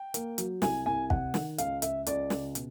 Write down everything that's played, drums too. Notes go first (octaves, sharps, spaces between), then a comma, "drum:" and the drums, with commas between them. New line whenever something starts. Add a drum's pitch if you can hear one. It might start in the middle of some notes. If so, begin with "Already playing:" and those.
Already playing: G5
A#3, drum: hi-hat
F#3, drum: hi-hat
C2 G#5, drum: snare
C2 G#5
C3 F#5, drum: kick
D#3, drum: snare
C#2 F5, drum: hi-hat
C#2 E5, drum: hi-hat
C#2 D5, drum: hi-hat
C#3, drum: snare
B2, drum: hi-hat